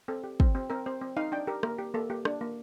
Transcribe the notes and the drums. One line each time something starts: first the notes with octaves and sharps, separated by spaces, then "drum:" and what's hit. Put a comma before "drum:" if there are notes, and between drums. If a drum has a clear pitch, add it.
C4 A4
G4
C4, drum: kick
C4
C4 A#4
C4 C5
C4
D#4 F5
D4 G5
G4 A#4
A#3 A#4, drum: rim click
G4
A#3 A4
A#3 G4
D4, drum: rim click
A#3